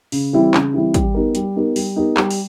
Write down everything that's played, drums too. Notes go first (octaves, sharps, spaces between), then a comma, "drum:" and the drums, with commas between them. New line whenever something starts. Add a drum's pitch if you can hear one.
C#3, drum: open hi-hat
E3 G3 C4 E4
C#3, drum: clap
E3 G3 C4 E4
G3, drum: kick, hi-hat
B3 D#4 G4 A#4
G3, drum: hi-hat
B3 D#4 G4 A#4
G3, drum: open hi-hat
B3 D#4 G4 A#4
G3, drum: clap
drum: open hi-hat